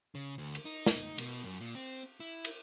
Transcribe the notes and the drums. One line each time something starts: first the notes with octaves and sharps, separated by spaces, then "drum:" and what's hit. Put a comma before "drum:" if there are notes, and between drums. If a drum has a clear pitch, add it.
C#3
D2
drum: cymbal
D#4
drum: snare
B2, drum: cymbal
F#2
A#2
C4
E4
drum: cymbal